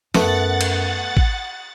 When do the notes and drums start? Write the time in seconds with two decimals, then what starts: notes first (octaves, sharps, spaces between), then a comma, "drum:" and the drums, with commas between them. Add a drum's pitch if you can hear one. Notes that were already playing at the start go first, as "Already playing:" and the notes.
0.15 F#2 A3 B3 F#5 A6, drum: snare
0.61 drum: cymbal
1.17 drum: kick